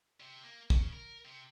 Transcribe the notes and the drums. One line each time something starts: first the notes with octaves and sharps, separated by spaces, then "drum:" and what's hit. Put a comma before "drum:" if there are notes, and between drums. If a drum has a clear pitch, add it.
C3
A#3
C#3, drum: kick
A#4
C3